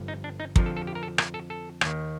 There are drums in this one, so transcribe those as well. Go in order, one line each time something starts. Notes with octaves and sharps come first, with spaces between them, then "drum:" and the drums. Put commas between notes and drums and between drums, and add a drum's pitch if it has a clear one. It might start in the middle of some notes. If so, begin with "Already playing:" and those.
Already playing: G1 G2 D3 F3
D#4
D4
D#4
F2 D3 F3 A#4, drum: kick
A4
A4
G4
A#4
A4
A#4, drum: rim click
A4
A4
D#2 D#3, drum: rim click